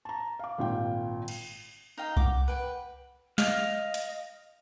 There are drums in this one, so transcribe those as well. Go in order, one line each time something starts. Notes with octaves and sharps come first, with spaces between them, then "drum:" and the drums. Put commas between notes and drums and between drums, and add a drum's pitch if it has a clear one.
A5 A#5
F5 D6
G#1 A#2 G5
drum: cymbal
D#4 F5 G5
F#5 D6, drum: kick C2
B4 G5
D#5 F5, drum: snare
drum: hi-hat